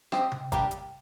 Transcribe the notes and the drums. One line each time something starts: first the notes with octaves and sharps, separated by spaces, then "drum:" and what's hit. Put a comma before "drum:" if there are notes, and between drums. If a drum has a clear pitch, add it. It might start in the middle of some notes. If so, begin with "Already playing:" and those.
C4 G4 C5 D#5, drum: rim click
drum: tom C3
G3 A#3 D4 G4, drum: kick G#1, hi-hat
drum: hi-hat